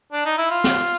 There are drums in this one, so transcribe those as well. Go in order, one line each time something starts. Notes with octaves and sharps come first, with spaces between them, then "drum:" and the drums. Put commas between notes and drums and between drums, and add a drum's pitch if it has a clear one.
D4
D#4
E4
F4
drum: snare